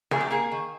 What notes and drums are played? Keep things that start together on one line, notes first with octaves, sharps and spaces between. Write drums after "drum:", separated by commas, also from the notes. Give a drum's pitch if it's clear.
C3 G#4, drum: snare
G4
A#3 G#4
D#3